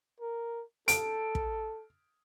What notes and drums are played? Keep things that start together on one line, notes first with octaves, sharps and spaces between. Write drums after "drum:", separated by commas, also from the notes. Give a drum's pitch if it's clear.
A#4
A4 D7, drum: hi-hat
drum: kick